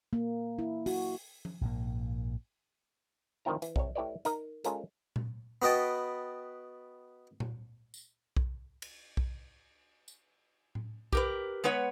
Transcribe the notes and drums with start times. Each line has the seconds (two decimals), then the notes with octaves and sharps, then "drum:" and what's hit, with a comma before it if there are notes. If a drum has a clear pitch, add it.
0.13 A#3
0.59 E4
0.86 F#4, drum: open hi-hat
1.45 drum: tom F3
1.61 A#1 G#2 C#3 A#3
3.45 D2 D#3 F3 C4 E4 A#5
3.62 E3, drum: hi-hat
3.76 C2 G3 C#5, drum: kick B1
3.95 A3 E4 G4 B4 C#5 D5
4.25 D#4 A#4 D#5, drum: hi-hat
4.65 G#3 C#4 F4 A4 A#4, drum: hi-hat
5.16 drum: tom A#2
5.62 B3 F#4 B4 D#5 G5 A5
7.40 drum: tom A#2
7.94 drum: tambourine
8.36 drum: kick B1
8.82 drum: cymbal
9.17 drum: kick B1
10.08 drum: tambourine
10.75 drum: tom A2
11.13 G4 A#4 B4, drum: kick B1
11.64 G#3 B3 B4 C#5 F#5